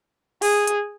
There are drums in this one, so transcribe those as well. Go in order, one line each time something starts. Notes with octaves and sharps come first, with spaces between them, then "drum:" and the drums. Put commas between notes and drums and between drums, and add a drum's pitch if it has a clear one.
G#4, drum: open hi-hat
drum: hi-hat